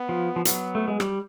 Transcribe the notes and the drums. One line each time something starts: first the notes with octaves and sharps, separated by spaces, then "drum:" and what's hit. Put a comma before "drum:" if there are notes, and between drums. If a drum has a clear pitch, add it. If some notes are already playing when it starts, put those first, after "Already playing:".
Already playing: B3
F3
F3
F#3 B3, drum: hi-hat
A3
G#3
G3, drum: rim click